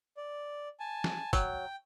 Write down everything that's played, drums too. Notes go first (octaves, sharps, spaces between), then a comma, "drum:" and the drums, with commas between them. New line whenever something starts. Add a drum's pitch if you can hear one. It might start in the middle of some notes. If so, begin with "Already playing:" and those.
D5
G#5 A5
drum: snare
F#3 G5, drum: kick, tambourine